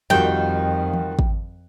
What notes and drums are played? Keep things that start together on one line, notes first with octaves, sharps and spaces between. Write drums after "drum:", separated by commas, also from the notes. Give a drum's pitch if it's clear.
F2 D#3 G3 F4 F#4 G5
drum: tom E3
drum: kick